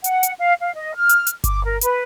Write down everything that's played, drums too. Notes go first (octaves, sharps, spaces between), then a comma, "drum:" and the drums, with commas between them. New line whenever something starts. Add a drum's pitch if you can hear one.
F#5, drum: hi-hat
drum: hi-hat
F5
F5
D#5
F6
drum: hi-hat
drum: hi-hat
D6, drum: kick G1, hi-hat
A#4
B4, drum: hi-hat